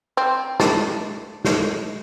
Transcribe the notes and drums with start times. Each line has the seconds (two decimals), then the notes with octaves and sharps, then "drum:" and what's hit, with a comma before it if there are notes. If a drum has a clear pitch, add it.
0.17 C4
0.60 D4, drum: snare
1.45 drum: snare